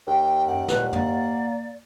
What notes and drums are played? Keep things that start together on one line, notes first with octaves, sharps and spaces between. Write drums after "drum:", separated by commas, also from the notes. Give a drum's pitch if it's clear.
D#2 G5
F#2 F#5 G5
A#2 B4, drum: snare
A#3 D5, drum: tom